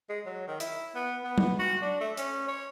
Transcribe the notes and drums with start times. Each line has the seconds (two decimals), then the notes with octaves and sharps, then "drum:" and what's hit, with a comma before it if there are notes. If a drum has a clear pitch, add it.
0.09 G#3
0.26 F#3
0.48 D#3
0.60 E4, drum: hi-hat
0.95 B3
1.24 B3
1.38 drum: tom F#3
1.59 F#4
1.82 D4
2.00 A3
2.17 C#4, drum: hi-hat
2.48 C#5